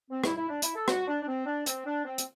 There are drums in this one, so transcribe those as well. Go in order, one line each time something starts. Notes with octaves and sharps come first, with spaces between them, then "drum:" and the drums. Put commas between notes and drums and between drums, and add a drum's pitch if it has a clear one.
C4
E4, drum: rim click
E4
D4
E4, drum: hi-hat
A4
F#4, drum: rim click
D4
D4
C4
D4
C4, drum: hi-hat
D4
C4
drum: hi-hat